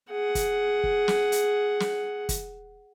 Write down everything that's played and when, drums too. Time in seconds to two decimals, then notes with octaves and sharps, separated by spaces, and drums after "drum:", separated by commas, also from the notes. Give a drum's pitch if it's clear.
0.11 G#4 F#5
0.35 drum: kick, hi-hat
0.84 drum: kick
1.08 drum: snare
1.32 drum: hi-hat
1.80 drum: snare
2.29 drum: kick, hi-hat